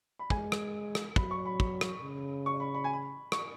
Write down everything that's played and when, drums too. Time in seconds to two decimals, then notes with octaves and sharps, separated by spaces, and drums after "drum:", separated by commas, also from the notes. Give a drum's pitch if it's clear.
0.19 B5
0.30 G#3 G#5, drum: kick
0.52 drum: rim click
0.95 drum: rim click
1.16 F#3 B5, drum: kick
1.31 C#6
1.46 B5
1.60 drum: kick
1.81 drum: rim click
2.02 C#3
2.46 C#6
2.60 B5
2.74 B5
2.84 G#5
2.93 B5
3.32 C#6, drum: rim click